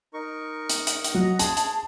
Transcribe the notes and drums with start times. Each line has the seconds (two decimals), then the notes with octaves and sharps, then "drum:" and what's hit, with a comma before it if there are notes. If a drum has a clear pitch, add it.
0.14 D#4 A#4 C#6
0.69 drum: hi-hat
0.87 drum: hi-hat
1.04 drum: hi-hat
1.14 F#3 D#5 F#5 A#5
1.39 G#4 A5 C6, drum: hi-hat
1.57 drum: hi-hat